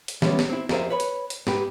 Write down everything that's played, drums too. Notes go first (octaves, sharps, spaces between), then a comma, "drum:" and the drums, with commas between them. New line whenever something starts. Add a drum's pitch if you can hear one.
drum: hi-hat
E3 G3 G#3 B3 C#4, drum: snare
drum: snare
C4 E4
F2 G#4 A#4 C5 E5, drum: snare
B4 C#5 B5
drum: hi-hat
drum: hi-hat
G#2 G4 B4, drum: snare